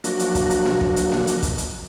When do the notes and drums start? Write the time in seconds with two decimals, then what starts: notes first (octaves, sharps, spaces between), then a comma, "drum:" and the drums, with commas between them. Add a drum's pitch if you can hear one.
0.04 F3 F#3 A#3 D4 F#4, drum: hi-hat
0.19 drum: hi-hat
0.35 drum: kick, hi-hat
0.50 drum: hi-hat
0.66 drum: snare A#3
0.81 drum: kick
0.96 drum: hi-hat
1.12 drum: snare A#3
1.27 drum: hi-hat
1.43 drum: kick, hi-hat
1.58 drum: hi-hat